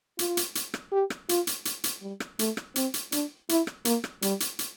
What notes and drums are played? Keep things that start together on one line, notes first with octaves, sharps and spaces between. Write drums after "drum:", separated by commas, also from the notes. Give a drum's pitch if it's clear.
F4, drum: hi-hat
drum: hi-hat
drum: hi-hat
drum: rim click
G4
drum: rim click
F4, drum: hi-hat
drum: hi-hat
drum: hi-hat
drum: hi-hat
G3
drum: rim click
A3, drum: hi-hat
drum: rim click
C4, drum: hi-hat
drum: hi-hat
D4, drum: hi-hat
E4, drum: hi-hat
drum: rim click
A#3, drum: hi-hat
drum: rim click
G3, drum: hi-hat
drum: hi-hat
drum: hi-hat